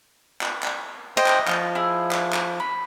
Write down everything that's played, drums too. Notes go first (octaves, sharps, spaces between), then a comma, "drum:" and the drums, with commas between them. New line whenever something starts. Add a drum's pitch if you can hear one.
drum: clap
drum: clap
E4 C5 D#5 G5
drum: clap
F3 F4, drum: clap
E4 G#4
drum: clap
drum: clap
B5